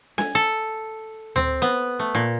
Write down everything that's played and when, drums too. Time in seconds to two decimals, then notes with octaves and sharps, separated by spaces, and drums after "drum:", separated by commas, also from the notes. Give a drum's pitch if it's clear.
0.18 G#5, drum: snare
0.35 A4
1.36 C4, drum: tom D2
1.62 B3
1.99 A3
2.15 A#2